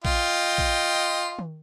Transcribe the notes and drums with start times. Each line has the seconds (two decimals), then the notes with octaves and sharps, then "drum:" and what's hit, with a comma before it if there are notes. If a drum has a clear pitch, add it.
0.05 F4 D#5 G5, drum: kick A1
0.58 drum: kick A1
1.39 drum: tom D#3